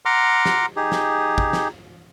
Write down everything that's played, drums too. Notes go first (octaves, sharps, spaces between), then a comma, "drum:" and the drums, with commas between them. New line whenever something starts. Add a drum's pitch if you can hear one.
F#5 A#5 C6 D6 F6
drum: snare
D#4 G4 G#4
drum: snare
drum: kick
drum: snare